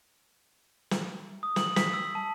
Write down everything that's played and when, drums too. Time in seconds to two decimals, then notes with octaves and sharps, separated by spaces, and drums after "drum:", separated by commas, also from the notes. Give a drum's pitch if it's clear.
0.91 drum: snare
1.43 D#6
1.56 F#7, drum: snare
1.76 B6, drum: snare
1.94 E6
2.15 A5